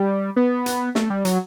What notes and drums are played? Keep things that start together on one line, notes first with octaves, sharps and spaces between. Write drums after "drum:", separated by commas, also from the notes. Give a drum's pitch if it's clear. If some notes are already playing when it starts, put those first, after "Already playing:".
Already playing: G3
B3
drum: hi-hat
A3, drum: snare
G3
F#3, drum: hi-hat